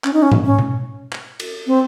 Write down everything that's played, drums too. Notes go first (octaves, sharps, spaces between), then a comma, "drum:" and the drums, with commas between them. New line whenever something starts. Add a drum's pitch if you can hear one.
C#4, drum: clap
D#4
C#4
drum: tom G#2
C#4
drum: tom B2
drum: clap
drum: cymbal
C4